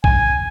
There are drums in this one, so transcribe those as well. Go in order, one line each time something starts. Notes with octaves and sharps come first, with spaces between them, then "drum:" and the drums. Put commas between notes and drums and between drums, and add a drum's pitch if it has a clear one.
G#5, drum: kick B1